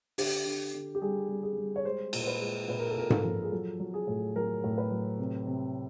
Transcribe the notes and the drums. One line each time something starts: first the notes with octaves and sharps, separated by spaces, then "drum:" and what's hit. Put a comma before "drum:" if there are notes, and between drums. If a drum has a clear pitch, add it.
D3 G4, drum: open hi-hat
D3
D3
G4
G3 G#4
G3
G#4
G3
C#5
G#3 C5
A#2, drum: cymbal
C5
B4
G#3
A#2 B4
A#4
A4
A#2 A#4
A4, drum: tom G#2
F3
G#4
F#3 A4
F#3
G#4
A2
F#3 A#4
A2
B4
F#3
C3
C3